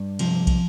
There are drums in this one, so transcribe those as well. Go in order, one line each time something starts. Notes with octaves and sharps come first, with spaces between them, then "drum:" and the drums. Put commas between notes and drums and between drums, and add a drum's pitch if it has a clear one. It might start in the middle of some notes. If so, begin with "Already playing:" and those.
Already playing: G2
C3 F3, drum: cymbal
drum: kick, cymbal